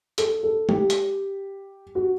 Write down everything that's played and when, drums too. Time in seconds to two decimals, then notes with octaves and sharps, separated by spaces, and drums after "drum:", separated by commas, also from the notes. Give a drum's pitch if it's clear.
0.18 A4, drum: hi-hat
0.43 A4
0.69 G4, drum: tom G#3
0.90 drum: hi-hat
1.95 F#4